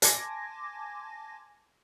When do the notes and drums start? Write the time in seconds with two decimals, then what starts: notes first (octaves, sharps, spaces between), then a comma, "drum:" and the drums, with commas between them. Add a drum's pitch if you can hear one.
0.02 G#5 A5 C6 D6 G#6 A#6, drum: hi-hat